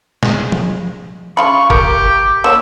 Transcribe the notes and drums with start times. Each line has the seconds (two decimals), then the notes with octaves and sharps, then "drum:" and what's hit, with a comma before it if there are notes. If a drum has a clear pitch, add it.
0.23 G#3, drum: snare
0.52 drum: tom F3
1.37 C#3 F4 B5 C#6
1.70 G4 A#4, drum: kick G1
2.44 A#3 C#5 E6